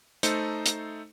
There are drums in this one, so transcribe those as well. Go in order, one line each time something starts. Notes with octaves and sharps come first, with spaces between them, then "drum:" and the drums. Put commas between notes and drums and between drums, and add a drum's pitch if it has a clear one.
A3 D#4 A4 C5 C#7, drum: hi-hat
drum: hi-hat